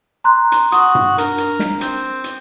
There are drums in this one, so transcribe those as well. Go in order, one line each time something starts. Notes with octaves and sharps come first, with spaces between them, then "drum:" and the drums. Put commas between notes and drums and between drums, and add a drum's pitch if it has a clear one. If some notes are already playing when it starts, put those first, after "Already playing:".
A#5 C6 F#6
drum: hi-hat
F#4 D#6, drum: hi-hat
drum: tom G2
D4 A#4, drum: hi-hat
drum: hi-hat
drum: snare
C4, drum: hi-hat
drum: hi-hat